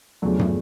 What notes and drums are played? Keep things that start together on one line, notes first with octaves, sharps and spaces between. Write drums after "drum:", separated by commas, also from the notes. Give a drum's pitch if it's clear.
E2 C#3 F3 F#3 A3 D4
drum: tom